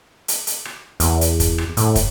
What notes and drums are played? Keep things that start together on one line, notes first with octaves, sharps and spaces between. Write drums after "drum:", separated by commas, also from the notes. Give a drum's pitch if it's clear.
drum: hi-hat
drum: hi-hat
drum: rim click
E2, drum: hi-hat
drum: hi-hat
drum: kick, hi-hat
drum: rim click
A2, drum: hi-hat
drum: kick, hi-hat